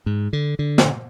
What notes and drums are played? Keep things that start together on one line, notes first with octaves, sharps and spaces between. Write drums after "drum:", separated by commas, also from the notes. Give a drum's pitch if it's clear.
G#2
D3
D3
drum: snare